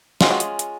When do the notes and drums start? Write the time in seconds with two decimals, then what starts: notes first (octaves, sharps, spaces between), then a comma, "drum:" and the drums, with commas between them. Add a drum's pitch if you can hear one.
0.21 D#3 G#3 C#4 F4 F#4, drum: snare
0.31 F#4
0.40 drum: hi-hat
0.59 drum: hi-hat